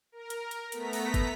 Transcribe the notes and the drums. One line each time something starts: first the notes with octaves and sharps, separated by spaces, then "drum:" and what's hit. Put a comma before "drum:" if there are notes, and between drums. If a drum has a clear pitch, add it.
A#4
drum: hi-hat
drum: hi-hat
A3 B3 A#5 B6, drum: hi-hat
drum: open hi-hat
drum: kick, hi-hat